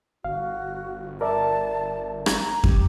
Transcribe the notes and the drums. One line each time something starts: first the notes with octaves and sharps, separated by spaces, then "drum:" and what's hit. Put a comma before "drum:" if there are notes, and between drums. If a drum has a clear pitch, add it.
G1 F#4 F5
A#4 D5 E5 A5
A#5 G#6, drum: rim click
G4, drum: kick F2